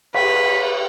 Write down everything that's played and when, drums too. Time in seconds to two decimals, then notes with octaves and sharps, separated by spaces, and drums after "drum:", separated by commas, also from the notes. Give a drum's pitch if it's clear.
0.14 B4 B6, drum: cymbal